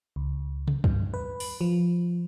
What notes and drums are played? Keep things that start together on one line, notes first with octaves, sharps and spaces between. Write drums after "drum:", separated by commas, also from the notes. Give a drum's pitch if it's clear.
C#2
drum: tom C3
G2, drum: kick
B4
drum: open hi-hat
F3